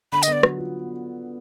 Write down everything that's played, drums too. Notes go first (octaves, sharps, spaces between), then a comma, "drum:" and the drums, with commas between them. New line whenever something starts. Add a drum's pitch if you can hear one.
D3 B5
D#5, drum: tambourine
B3 D5
F#3, drum: rim click
F4